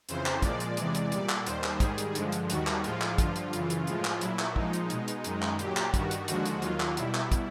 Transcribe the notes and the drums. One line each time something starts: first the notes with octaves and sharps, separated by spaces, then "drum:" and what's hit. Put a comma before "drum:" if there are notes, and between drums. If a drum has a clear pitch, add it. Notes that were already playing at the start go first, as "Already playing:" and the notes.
F2 C#3 E3 C5, drum: hi-hat
drum: clap
A#2 F3 G#3 D5, drum: kick, hi-hat
drum: hi-hat
E2 C3 E3 G#3 D5, drum: hi-hat
drum: hi-hat
A#2 G3 D5, drum: hi-hat
drum: clap
D#2 D#3 G3 C5, drum: hi-hat
drum: clap
G#2 D#3 G3 G#4, drum: kick, hi-hat
drum: hi-hat
G2 D3 F3 G#3, drum: hi-hat
drum: hi-hat
D#2 D#3 G3 F#4, drum: hi-hat
drum: clap
A2 F3 G#3 F4, drum: hi-hat
drum: clap
G2 D3 F3 F4, drum: kick, hi-hat
drum: hi-hat
F#2 C#3 E3, drum: hi-hat
drum: hi-hat
A2 F3 G#3, drum: hi-hat
drum: clap
A#2 F#3 E4, drum: hi-hat
drum: clap
A#2 F3 G#3 D#4, drum: kick
drum: hi-hat
B2 G#3, drum: hi-hat
drum: hi-hat
F#2 D#3 G#3, drum: hi-hat
drum: clap
A#2 F#3 G4, drum: hi-hat
drum: clap
G2 D#3 G3 F#4, drum: kick, hi-hat
drum: hi-hat
D#2 D3 F3 G#3 F#4, drum: hi-hat
drum: hi-hat
D#2 D#3 F#3 F4, drum: hi-hat
drum: clap
B2 G3 E4, drum: hi-hat
drum: clap
drum: kick, hi-hat